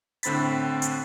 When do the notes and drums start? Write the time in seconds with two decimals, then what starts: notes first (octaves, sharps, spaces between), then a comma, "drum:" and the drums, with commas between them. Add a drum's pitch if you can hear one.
0.23 A2 D3 C4 B5 A6 B6, drum: hi-hat
0.82 drum: hi-hat